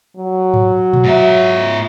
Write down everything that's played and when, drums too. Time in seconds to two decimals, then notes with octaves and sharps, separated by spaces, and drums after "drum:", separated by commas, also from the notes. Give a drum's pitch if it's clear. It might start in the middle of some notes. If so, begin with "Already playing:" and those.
0.17 F#3
0.54 drum: tom G#2
0.93 drum: tom A#2
1.04 G#2 E5